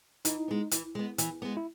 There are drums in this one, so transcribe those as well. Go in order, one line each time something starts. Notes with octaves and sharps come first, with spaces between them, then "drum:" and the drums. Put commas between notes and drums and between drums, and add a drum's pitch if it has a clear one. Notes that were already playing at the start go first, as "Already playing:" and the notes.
E3 D#4, drum: hi-hat
G#3 B3
E3, drum: hi-hat
G#3 B3
E3, drum: hi-hat
G#3 B3
E4